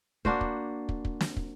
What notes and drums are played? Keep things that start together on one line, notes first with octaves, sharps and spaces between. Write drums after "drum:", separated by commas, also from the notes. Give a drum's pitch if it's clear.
A#3 D4 F#4 C5, drum: kick
drum: kick
drum: kick
drum: kick
drum: snare
drum: kick